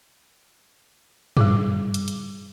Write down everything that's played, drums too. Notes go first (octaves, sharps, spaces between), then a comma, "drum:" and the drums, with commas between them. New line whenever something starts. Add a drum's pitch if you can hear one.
G3 G#4 D6, drum: tom
drum: hi-hat
drum: hi-hat